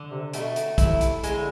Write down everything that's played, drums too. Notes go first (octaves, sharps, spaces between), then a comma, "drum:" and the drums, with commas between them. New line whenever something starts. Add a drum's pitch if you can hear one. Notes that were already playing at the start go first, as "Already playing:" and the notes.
Already playing: D3
C3
B2 A3, drum: hi-hat
drum: hi-hat
C3 E4, drum: kick, hi-hat
drum: hi-hat
D3 G#3, drum: hi-hat